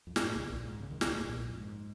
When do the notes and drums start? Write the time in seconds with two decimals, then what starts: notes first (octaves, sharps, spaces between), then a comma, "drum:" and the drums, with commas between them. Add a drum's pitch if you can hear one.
0.07 F2
0.16 G#2, drum: snare
0.26 A#2
0.35 C#2 C#3
0.50 A#1 A#2
0.65 G#2
0.79 C#2 C#3
0.91 D#2 D#3
1.01 C#2 C#3, drum: snare
1.13 G#2
1.24 A#1 A#2
1.35 A#1 A#2
1.46 F2
1.52 A#2
1.57 G#2